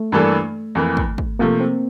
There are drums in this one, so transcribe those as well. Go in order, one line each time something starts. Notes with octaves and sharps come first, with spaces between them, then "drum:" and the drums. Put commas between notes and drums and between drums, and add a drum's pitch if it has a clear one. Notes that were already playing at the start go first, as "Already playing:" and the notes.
Already playing: A3
G2 E3 A#3 D4 A4
F2 E3 A#3
drum: kick
drum: kick
C3 F3 A3 A#3
C4